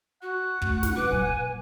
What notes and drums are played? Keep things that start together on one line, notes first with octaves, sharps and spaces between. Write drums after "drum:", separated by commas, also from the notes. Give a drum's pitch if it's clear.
F#4 F#5
A3, drum: kick
drum: snare
C#2 B4 D6
A#2 F#3 G#5